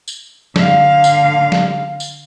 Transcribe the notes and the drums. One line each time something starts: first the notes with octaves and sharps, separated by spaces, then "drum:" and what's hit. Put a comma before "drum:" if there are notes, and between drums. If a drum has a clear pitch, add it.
drum: tambourine
D3 F5, drum: snare
drum: tambourine
drum: snare
drum: tambourine